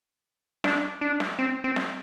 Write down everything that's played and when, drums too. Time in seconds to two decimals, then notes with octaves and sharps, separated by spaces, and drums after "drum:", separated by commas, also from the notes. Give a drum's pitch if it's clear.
0.64 D4, drum: snare
1.01 D4
1.20 drum: snare
1.39 C4
1.64 C4
1.76 drum: snare